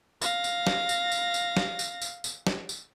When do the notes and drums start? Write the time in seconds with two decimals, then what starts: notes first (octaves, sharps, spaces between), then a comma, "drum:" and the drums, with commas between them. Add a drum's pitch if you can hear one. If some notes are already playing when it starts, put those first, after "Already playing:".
0.22 F5 A#6, drum: tambourine
0.44 drum: tambourine
0.67 drum: snare
0.89 drum: tambourine
1.12 drum: tambourine
1.34 drum: tambourine
1.57 drum: snare
1.79 drum: tambourine
2.02 drum: tambourine
2.24 drum: tambourine
2.47 drum: snare
2.69 drum: tambourine